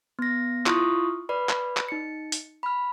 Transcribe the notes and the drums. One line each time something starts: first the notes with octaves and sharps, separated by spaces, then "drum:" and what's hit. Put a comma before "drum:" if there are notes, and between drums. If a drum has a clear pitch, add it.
B3 A#6
E4 F4 C6 C#6 D#6 F6, drum: clap
B4 D5 B5
drum: clap
drum: clap
D#4 C#7
drum: hi-hat
B5 F6